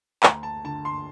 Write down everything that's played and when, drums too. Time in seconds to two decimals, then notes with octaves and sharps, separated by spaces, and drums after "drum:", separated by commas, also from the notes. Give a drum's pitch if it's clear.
0.23 D2 A#5, drum: clap
0.43 A5
0.64 D3 A5
0.85 C6